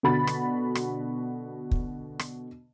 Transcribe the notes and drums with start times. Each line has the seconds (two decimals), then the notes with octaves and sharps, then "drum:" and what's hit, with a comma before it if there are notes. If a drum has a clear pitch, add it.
0.03 B2 D3 F#4 B5 A6
0.27 drum: rim click
0.75 drum: rim click
1.71 drum: kick
2.19 drum: rim click